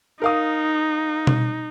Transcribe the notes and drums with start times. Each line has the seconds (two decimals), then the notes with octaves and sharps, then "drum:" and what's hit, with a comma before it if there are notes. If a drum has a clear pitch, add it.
0.22 D#4 A#4 F5 D#6
1.27 drum: tom B2